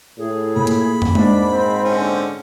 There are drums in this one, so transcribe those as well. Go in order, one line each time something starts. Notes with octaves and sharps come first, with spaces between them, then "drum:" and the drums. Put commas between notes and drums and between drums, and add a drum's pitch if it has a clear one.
A2 G#4
A#2 B5
drum: hi-hat
drum: tom
G#2 D4, drum: tom G#3
C4
D3 C#4